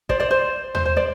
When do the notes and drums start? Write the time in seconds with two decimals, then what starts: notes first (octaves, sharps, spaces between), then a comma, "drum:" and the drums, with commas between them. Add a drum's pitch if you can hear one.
0.09 C5 D5, drum: kick
0.20 C5 D5
0.31 C5
0.75 C5, drum: tom D#2
0.86 C5
0.96 C5 D5